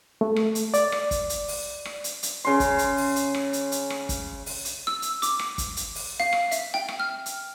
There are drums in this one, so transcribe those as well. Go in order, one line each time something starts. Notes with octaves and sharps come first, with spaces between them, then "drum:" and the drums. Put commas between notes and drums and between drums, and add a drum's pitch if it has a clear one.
A3
drum: rim click
drum: hi-hat
D5, drum: hi-hat
drum: rim click
drum: kick, hi-hat
drum: hi-hat
drum: open hi-hat
drum: rim click
drum: hi-hat
drum: hi-hat
C#3 C6
drum: kick, hi-hat
drum: hi-hat
drum: open hi-hat
drum: hi-hat
drum: rim click
drum: hi-hat
drum: hi-hat
drum: rim click
drum: kick, hi-hat
drum: open hi-hat
drum: hi-hat
E6
drum: hi-hat
D6, drum: hi-hat
drum: rim click
drum: kick, hi-hat
drum: hi-hat
drum: open hi-hat
F5
drum: rim click
E5, drum: hi-hat
G5
drum: rim click
F6
drum: hi-hat